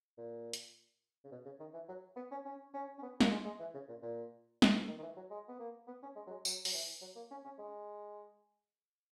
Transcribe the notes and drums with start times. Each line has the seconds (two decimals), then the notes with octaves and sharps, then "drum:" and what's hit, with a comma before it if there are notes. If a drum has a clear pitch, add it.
0.18 A#2
0.53 drum: hi-hat
1.24 C#3
1.32 B2
1.45 C#3
1.60 D#3
1.74 E3
1.89 F#3
2.16 B3
2.31 C#4
2.45 C#4
2.74 C#4
2.98 C#4
3.03 B3
3.20 A#3, drum: snare
3.31 G#3
3.45 G#3
3.60 E3
3.74 C#3
3.89 A#2
4.03 A#2
4.62 drum: snare
4.73 B2
4.88 D#3
4.98 D#3
5.03 E3
5.17 F#3
5.30 G#3
5.49 B3
5.60 A#3
5.88 B3
6.03 C#4
6.16 G#3
6.27 F#3
6.30 G#3
6.45 F#3, drum: tambourine
6.65 F#3, drum: open hi-hat
6.74 E3
7.02 F#3
7.16 A#3
7.31 C#4
7.45 C#4
7.58 G#3